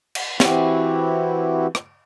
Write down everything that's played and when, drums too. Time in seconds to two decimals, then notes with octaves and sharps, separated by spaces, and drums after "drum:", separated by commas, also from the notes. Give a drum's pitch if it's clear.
0.15 drum: cymbal
0.40 E3 C4 E4 F#4 G4, drum: snare
1.75 drum: rim click